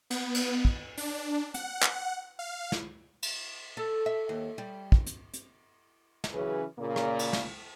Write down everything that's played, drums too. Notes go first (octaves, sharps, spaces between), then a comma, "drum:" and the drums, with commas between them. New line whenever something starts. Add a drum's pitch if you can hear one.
B3, drum: cymbal
drum: cymbal
drum: kick
D4, drum: open hi-hat
F#5, drum: hi-hat
drum: clap
F5
drum: snare
drum: cymbal
A4
E5
D#2
G3
drum: kick
drum: hi-hat
drum: hi-hat
drum: snare
C#3 E3 F#3 C#4 G#4 B4
A#2 C#3 A#3
drum: rim click
drum: cymbal
drum: snare